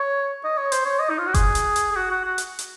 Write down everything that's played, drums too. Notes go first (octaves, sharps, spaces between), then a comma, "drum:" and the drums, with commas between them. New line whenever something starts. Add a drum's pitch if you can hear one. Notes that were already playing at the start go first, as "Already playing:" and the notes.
Already playing: C#5
D#5
C#5
C5, drum: hi-hat
C#5
D#5
D#4
F4
F#4
G#4, drum: kick F#1, hi-hat
drum: hi-hat
drum: hi-hat
G#4
F#4
F#4
F#4
drum: hi-hat
drum: hi-hat